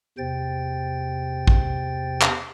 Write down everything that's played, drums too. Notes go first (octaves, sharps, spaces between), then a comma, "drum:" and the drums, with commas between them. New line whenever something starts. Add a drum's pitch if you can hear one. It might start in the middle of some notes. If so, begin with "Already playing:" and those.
E2 C3 C5 G5 A6
drum: kick A#1
drum: clap